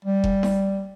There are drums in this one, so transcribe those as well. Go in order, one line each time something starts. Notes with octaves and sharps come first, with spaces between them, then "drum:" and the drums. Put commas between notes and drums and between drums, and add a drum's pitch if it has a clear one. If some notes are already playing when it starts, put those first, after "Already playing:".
G3
drum: kick F1
drum: snare D#4